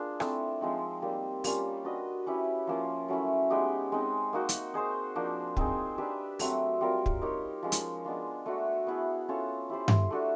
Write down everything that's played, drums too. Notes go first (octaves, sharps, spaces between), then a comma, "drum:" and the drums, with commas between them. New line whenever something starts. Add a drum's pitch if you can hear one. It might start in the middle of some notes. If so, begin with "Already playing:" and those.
Already playing: A#3 D4 F4 G#4
A3 C4 E4 A4, drum: rim click
F3 G#3 C4 D#4
G3 A#3 D#4
G3 A#3 C#4 F4, drum: open hi-hat
D4 F#4 B4 D#5
C#4 E4 G4 B4
F3 A#3 C#4 F4
F#3 A3 C#4 E4
G#3 B3 D#4 G4
G#3 C4 D#4
A#3 D#4 F#4
drum: hi-hat
D#4 G#4 C5
F3 A#3 D4
C4 D#4 G#4, drum: kick
D4 G4 B4 E5
F#3 A3 C4, drum: open hi-hat
G3 C4 F4 A#4
drum: kick
D#4 G4 A#4 C#5
F3 G#3 C#4
drum: hi-hat
G#3 B3 D4 F4
A3 D4 F#4
B3 E4 G#4
C#4 F4 A4 C#5
E4 G4 C5
drum: tom G2
A3 D4 F#4 A4